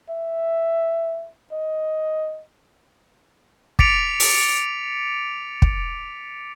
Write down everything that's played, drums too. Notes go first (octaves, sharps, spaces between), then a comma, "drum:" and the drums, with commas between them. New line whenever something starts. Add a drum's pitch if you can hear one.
E5
D#5
D6 A6 B6 C#7 D7 F7, drum: kick
drum: open hi-hat
drum: kick